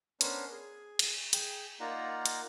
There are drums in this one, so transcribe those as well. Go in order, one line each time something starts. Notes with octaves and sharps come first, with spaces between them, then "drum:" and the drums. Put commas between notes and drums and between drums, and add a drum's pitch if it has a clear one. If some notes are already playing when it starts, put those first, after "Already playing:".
B3 C#4 D4 A#4 C5 C#5, drum: hi-hat
G#4
drum: cymbal
G#4 G5, drum: hi-hat
A#3 D#4 F4 D5 F#5 A#5
drum: hi-hat